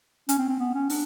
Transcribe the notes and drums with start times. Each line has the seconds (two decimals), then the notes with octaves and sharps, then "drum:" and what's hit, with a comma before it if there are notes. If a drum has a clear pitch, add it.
0.29 C#4, drum: hi-hat
0.39 C4
0.49 C4
0.59 B3
0.74 C#4
0.90 D4, drum: open hi-hat